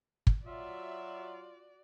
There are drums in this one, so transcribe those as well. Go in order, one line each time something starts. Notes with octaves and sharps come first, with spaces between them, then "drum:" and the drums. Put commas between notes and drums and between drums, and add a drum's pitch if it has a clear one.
drum: kick
F#3 F4 F#4 D5 E5